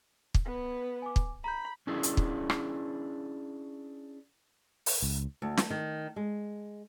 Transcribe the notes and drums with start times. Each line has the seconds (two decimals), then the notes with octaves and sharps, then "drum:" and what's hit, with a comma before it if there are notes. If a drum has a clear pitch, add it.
0.34 drum: kick
0.45 B3 B4
1.02 G#5 D6
1.16 drum: kick
1.44 A#5 B5 G6
1.87 C#4 D4 E4 G#4
2.03 drum: hi-hat
2.17 drum: kick
2.50 drum: rim click
4.86 drum: open hi-hat
5.03 C#2
5.42 D2
5.57 drum: snare
5.70 D#3
6.16 G#3